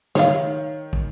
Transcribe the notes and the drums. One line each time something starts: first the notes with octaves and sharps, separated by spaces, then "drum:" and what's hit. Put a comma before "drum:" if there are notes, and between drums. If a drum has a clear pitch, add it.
D#3 C#5 F5, drum: snare
drum: kick